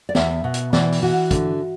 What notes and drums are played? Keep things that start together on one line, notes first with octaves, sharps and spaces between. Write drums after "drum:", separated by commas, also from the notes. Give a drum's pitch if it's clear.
D5
E2 E5, drum: snare
B2
drum: hi-hat
E3 D5, drum: snare
drum: open hi-hat
E3 F#4
D3, drum: kick, hi-hat